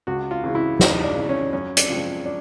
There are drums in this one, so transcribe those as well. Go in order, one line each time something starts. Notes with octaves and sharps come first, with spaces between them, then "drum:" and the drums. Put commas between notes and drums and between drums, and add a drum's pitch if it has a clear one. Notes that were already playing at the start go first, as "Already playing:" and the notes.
C#2 F#4
F4
C#3 E3
E4
C#2 D#4, drum: snare
D4
C#3 E3
C#4
F#2 C#4
D4, drum: hi-hat
C#3 F3 G#3 C4
D4